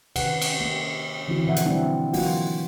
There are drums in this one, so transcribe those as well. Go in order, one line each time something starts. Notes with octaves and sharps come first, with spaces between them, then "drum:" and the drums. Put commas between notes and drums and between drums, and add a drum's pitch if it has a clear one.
C3 D#3 B4 F#5, drum: cymbal
drum: cymbal
A#3
D3 E3 C4 E4 F#4
B2 F3 E5 F#5
drum: hi-hat
G3 C4 D4 E4
E3 F#3 A#3 F4 F#4 F#5, drum: open hi-hat